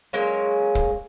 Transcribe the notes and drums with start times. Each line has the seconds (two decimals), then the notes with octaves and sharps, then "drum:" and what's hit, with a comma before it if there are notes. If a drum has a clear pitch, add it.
0.13 F#3 G#3 A#3 C#4
0.75 drum: kick